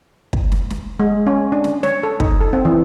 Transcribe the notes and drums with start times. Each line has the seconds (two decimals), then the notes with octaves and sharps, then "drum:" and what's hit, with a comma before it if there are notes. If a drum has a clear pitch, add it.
0.33 drum: kick
0.52 drum: snare
0.70 drum: snare
1.00 G#3
1.27 C#4
1.52 D4
1.64 drum: snare
1.83 C#5, drum: snare
2.03 A4
2.20 D#4, drum: kick
2.41 A4
2.53 C4
2.65 E3